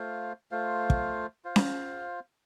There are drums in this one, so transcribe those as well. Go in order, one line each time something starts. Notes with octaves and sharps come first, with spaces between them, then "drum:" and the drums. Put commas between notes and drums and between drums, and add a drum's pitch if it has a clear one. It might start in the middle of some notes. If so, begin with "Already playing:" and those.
Already playing: A3 F4 C5 F5
A3 F4 C5 F5
drum: kick
F4 C5 F5
drum: snare C#4